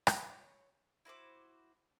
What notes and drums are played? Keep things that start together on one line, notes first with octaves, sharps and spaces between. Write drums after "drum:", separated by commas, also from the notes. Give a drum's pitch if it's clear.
C#5, drum: rim click
E4 F#4 C5 D6